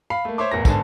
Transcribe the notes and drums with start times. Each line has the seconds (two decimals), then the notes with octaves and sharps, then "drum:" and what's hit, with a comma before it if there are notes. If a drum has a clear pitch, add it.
0.10 F5 B5 C7
0.25 A3 A#3
0.38 C5 C#5 E5 C6 D6
0.51 A1 E2 A#4 A#6
0.65 G#1 D3 B3 G#5 A5, drum: kick, tambourine